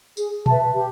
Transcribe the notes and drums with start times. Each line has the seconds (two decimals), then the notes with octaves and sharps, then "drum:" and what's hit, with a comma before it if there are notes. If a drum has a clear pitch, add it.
0.17 G#4, drum: tambourine
0.46 B4 E5 A5, drum: tom A#2
0.75 G4